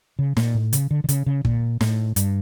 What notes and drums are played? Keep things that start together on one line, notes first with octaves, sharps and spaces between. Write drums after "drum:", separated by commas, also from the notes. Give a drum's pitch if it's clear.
C#3
A#2, drum: snare
A2
C#3, drum: hi-hat
D3
D3
C#3, drum: hi-hat
C#3
A#2, drum: kick
A2, drum: snare
G2, drum: hi-hat